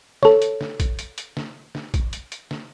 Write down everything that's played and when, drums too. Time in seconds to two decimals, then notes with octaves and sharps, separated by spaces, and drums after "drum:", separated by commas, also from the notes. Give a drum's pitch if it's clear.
0.23 A4 C#5, drum: snare
0.42 drum: hi-hat
0.61 drum: snare
0.80 drum: kick, hi-hat
0.99 drum: hi-hat
1.18 drum: hi-hat
1.37 drum: snare
1.75 drum: snare
1.94 drum: kick, hi-hat
2.13 drum: hi-hat
2.32 drum: hi-hat
2.51 drum: snare